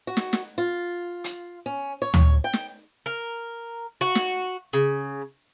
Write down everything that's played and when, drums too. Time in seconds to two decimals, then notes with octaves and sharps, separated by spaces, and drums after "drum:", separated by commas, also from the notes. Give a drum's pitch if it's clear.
0.07 F#4
0.17 drum: snare
0.33 drum: snare
0.58 F4
1.24 drum: hi-hat
1.66 C#4
2.02 C#5
2.14 drum: tom
2.44 G5
2.53 drum: snare
3.06 A#4
4.01 F#4
4.15 drum: snare
4.73 C#3